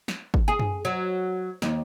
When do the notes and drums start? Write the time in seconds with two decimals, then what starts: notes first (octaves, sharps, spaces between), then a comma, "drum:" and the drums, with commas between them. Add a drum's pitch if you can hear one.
0.08 drum: snare
0.34 drum: kick
0.48 G#4
0.59 drum: tom F#2
0.85 F#3
1.62 D#2, drum: snare